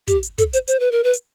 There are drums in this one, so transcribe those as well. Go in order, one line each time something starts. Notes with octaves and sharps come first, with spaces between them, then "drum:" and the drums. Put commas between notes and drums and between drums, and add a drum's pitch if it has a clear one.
G4, drum: kick, hi-hat
drum: hi-hat
A4, drum: kick, hi-hat
C5, drum: hi-hat
C5, drum: hi-hat
B4
A#4
B4
drum: hi-hat